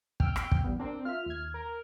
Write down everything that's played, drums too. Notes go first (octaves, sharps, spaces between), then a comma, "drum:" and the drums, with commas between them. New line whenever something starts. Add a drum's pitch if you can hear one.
G5 E6 F6, drum: kick
drum: rim click
drum: kick
E3 G3 B3
C4 D4 A#4
F4 E5 F6
D#2 G#6
A#4